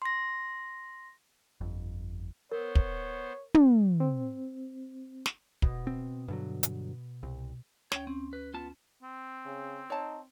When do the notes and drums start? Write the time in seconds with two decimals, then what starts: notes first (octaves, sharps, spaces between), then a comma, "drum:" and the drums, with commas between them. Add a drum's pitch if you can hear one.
0.02 C6 A#6
1.61 G1 F2
2.52 B3 A#4 C5 C#5
2.75 drum: kick
3.54 drum: tom
4.00 C4
5.26 drum: snare
5.62 B2, drum: kick
5.87 C4
6.28 G2 D3 F#3
6.63 drum: hi-hat
7.23 C2
7.92 D2 C#4 C#5 G5, drum: snare
8.07 C4 C#4
8.33 B4
8.54 B3 F4 A5
9.02 C4
9.45 C#3
9.90 D#4 C#5 A5